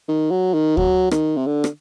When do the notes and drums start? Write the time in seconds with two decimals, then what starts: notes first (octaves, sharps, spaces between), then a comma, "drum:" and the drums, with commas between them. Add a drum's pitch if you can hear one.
0.08 D#3
0.31 F#3
0.54 D#3
0.77 F#3, drum: kick D2
1.11 D#3, drum: rim click
1.37 C3
1.47 D3
1.64 drum: rim click